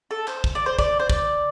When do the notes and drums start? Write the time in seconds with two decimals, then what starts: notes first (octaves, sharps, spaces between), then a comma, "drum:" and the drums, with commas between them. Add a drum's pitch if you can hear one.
0.11 A4
0.28 C5, drum: clap
0.44 drum: kick
0.55 D5
0.66 C5
0.79 D5, drum: kick
1.00 C5
1.10 D5, drum: kick